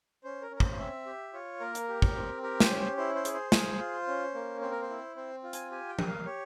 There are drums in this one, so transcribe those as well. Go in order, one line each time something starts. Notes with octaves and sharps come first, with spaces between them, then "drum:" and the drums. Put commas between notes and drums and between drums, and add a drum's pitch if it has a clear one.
C#4 C5
A#4
C#4
A#4
C5, drum: kick
C4 E5
G4
F4 C#5
A#3 A#4
drum: hi-hat
G4
drum: kick
C4
G4 A#4
C5, drum: snare
C#4
C5
E4 C5
C5
G#4, drum: hi-hat
C5
G#4, drum: snare
F4
C#4
A#3
C4 C5
A#4
C5
E4
C4 C5
F4
G#5, drum: hi-hat
G4 G#5
G5
A#3, drum: tom F3
F5
G4 C#5